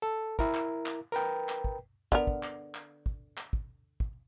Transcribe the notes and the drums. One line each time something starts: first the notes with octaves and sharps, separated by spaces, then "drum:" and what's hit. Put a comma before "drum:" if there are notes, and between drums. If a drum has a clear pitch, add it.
A4
E4 A#4, drum: kick
drum: clap
drum: clap
A#4 B4 G5
drum: clap
drum: kick
D3 B3 A#4, drum: kick
drum: kick
drum: clap
drum: clap
drum: kick
drum: clap
drum: kick
drum: kick